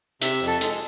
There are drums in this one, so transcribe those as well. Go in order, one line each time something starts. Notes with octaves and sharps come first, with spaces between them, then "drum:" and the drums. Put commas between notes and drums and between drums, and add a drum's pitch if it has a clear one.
C3 E5, drum: hi-hat
F2
A4
G#3, drum: hi-hat